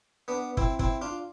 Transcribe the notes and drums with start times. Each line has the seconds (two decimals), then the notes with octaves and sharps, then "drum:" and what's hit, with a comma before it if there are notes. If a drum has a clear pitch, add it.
0.28 B3 D4
0.57 C4 E4, drum: kick
0.79 C4 E4, drum: kick
1.02 D4 F4